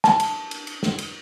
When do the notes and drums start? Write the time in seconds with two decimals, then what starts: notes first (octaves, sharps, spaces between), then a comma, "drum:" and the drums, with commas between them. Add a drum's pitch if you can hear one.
0.04 A5, drum: snare
0.20 drum: cymbal
0.51 drum: cymbal
0.67 drum: cymbal
0.83 drum: snare
0.98 drum: cymbal